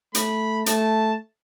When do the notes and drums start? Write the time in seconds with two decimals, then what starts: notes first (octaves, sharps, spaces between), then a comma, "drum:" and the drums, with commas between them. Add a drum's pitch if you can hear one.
0.15 A3 B5, drum: hi-hat
0.66 A3 A5, drum: hi-hat